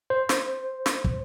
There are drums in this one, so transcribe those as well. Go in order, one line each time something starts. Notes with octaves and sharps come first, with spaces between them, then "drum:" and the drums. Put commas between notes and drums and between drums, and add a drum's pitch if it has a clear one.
C5
drum: snare
drum: snare
drum: kick